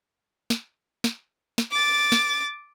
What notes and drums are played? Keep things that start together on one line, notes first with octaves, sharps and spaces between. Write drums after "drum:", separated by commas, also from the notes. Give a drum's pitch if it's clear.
drum: snare
drum: snare
drum: snare
D6 A6
drum: snare